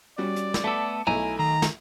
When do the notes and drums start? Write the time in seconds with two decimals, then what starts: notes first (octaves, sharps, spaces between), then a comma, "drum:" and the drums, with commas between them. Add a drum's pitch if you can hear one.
0.18 G3 C#4 F#4 D5
0.36 drum: hi-hat
0.54 drum: snare
0.64 A3 B3 A4 A5 D6 C#7
1.07 B1 A3 E4 G#5 A#5
1.39 D#3 A#5
1.62 drum: snare